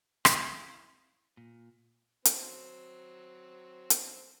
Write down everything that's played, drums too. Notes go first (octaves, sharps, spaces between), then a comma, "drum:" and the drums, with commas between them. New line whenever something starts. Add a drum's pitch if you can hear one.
C4 E4 F5, drum: rim click
A#2
F#3 C4, drum: hi-hat
drum: hi-hat